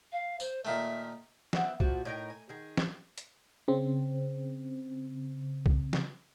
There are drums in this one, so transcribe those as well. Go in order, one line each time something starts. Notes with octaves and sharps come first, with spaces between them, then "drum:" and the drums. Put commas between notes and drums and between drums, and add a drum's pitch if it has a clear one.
F5
C5, drum: tambourine
A#2 D#3 A3 E5
B3 C4 E5 F#5, drum: snare
A#2 F3 F#4, drum: kick
A2 D#4 A#4 G5
G#5
D#3 G#4
drum: snare
drum: hi-hat
C#3 C4
drum: kick
drum: snare